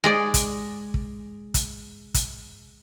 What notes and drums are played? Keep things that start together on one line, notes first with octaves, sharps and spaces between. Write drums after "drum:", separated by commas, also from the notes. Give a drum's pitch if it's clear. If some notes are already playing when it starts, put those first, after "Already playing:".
G#3 G#4 D5
drum: kick, hi-hat
drum: kick
drum: kick, hi-hat
drum: kick, hi-hat